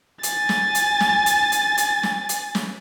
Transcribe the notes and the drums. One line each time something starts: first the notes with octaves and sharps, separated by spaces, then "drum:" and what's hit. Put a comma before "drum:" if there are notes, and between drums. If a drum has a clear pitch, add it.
G#5 A6, drum: hi-hat
drum: snare
drum: hi-hat
drum: snare
drum: hi-hat
drum: hi-hat
drum: hi-hat
drum: snare
drum: hi-hat
drum: snare